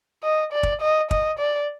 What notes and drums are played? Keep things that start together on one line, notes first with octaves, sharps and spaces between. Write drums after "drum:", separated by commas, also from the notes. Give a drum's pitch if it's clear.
D#5
D5
drum: kick
D#5
D#5, drum: kick
D5